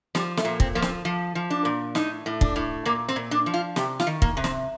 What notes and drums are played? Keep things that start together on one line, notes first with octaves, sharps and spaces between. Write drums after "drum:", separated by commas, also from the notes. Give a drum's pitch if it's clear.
F3 G3, drum: snare
A3, drum: snare
A#2
C4, drum: kick
F3 A#3
C4, drum: snare
F3
F3
D4
A#2
A2 D#4, drum: snare
A2
D4, drum: kick
A2
A#2 A#3
C4
A#2
D4
F3
F4
C3 G4, drum: snare
F4, drum: snare
D#3
A#3, drum: kick
C3
C4, drum: snare